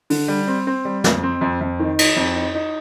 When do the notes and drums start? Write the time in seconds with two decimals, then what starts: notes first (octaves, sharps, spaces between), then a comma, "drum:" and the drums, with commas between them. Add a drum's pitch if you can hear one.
0.10 D3, drum: open hi-hat
0.28 G3
0.48 C4
0.67 C4
0.85 G3
1.04 F2, drum: snare
1.23 C4
1.41 F2
1.61 F2
1.80 D#3
1.99 D#4, drum: cymbal
2.16 F2
2.35 D#4
2.55 D#4